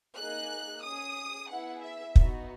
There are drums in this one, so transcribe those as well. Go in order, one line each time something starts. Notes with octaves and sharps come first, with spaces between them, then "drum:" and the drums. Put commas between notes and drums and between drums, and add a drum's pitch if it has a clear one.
A#3 D#4 G#4 F#6
C#4 G#4 D#6
B3 E4 G#4 F#5
E5
B3 D#4 F#4, drum: kick